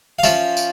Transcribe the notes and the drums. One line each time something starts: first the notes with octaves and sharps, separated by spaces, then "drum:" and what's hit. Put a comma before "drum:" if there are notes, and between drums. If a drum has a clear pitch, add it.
F5
F3 C#4 F4 E5, drum: tambourine
drum: tambourine